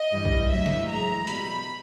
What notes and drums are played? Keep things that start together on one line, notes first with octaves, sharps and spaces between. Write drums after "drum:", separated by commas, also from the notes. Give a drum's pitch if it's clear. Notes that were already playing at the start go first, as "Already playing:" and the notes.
Already playing: D#5
G2 E3 G3
drum: kick
A2 F#3 E5
drum: snare
A2 E3 G#3 A#5
B2 G3 B5, drum: hi-hat